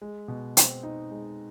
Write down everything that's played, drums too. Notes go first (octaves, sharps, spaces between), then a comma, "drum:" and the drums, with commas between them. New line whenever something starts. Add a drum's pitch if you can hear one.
G#3
B2
C4, drum: hi-hat
D#4
G#3